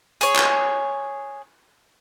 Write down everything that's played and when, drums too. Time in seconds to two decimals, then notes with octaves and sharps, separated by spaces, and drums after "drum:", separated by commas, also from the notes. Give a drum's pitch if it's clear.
0.21 G#4 C#5, drum: hi-hat
0.36 drum: clap